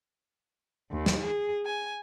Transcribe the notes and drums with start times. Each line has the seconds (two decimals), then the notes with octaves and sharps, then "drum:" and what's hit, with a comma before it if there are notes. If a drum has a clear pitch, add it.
0.91 D#2
1.06 drum: snare
1.25 G#4
1.67 G#5